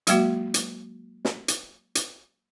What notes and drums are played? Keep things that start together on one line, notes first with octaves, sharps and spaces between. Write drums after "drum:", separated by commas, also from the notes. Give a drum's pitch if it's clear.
F#3 G#3 A#3 F#4, drum: hi-hat
drum: hi-hat
drum: snare
drum: hi-hat
drum: hi-hat